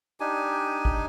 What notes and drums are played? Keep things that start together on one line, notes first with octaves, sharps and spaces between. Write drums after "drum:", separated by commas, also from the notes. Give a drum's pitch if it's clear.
D4 D#4 G4 G#5
drum: kick G#1